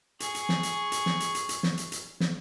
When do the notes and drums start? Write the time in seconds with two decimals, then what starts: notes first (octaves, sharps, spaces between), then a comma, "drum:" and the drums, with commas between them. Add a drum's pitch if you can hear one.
0.20 G#4 C#6, drum: hi-hat
0.35 drum: hi-hat
0.49 drum: snare
0.63 drum: hi-hat
0.92 drum: hi-hat
1.06 drum: snare
1.20 drum: hi-hat
1.35 drum: hi-hat
1.49 drum: hi-hat
1.63 drum: snare
1.78 drum: hi-hat
1.92 drum: hi-hat
2.20 drum: snare